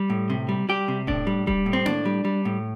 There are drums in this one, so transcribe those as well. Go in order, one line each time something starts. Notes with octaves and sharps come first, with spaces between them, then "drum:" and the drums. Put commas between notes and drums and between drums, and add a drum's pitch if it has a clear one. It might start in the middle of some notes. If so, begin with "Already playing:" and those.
Already playing: G3
A2
C3
G3
G3 G4
C3
A2 D4, drum: kick D#1
G3
G3, drum: kick D#1
A2
C4
A2 D4, drum: tom A#3
G3
G3
A2